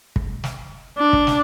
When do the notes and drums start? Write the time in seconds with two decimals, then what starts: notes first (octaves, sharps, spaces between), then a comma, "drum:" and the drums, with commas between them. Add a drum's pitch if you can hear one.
0.16 drum: kick
0.44 drum: snare
0.99 D4
1.13 drum: kick
1.27 drum: snare